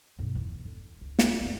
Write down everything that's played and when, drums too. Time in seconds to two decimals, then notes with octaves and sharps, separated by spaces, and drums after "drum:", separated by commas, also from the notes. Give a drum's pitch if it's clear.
0.19 B1 G2
0.35 E2
0.65 D3
1.01 C#2
1.19 drum: snare
1.41 G1 D#2